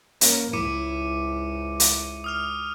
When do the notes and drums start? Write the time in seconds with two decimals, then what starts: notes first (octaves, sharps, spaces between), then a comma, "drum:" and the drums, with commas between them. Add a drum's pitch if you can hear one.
0.21 A#3 C#4, drum: hi-hat
0.53 C#2 G#2 E4 D6 C#7 D#7
1.80 drum: hi-hat
2.24 D#6 F6 F7